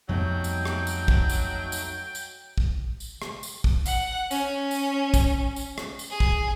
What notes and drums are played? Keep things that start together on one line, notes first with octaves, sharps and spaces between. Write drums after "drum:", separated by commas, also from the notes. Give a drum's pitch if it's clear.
F2 F#3 G3 A3 B3 D#4 G5
drum: tambourine
drum: rim click
drum: tambourine
drum: kick
drum: tambourine
drum: tambourine
drum: tambourine
drum: kick
drum: tambourine
drum: rim click
drum: tambourine
drum: kick
F#5, drum: tambourine
C#4, drum: tambourine
drum: tambourine
drum: kick, tambourine
drum: tambourine
drum: rim click
drum: tambourine
G#4
drum: kick